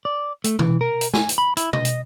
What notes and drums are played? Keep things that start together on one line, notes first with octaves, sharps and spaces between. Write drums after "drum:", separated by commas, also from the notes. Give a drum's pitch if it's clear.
D5
A3, drum: hi-hat
E3, drum: tom B2
A#4
drum: hi-hat
G#5, drum: snare
drum: hi-hat
B5
E4, drum: hi-hat
D#5, drum: tom B2
drum: hi-hat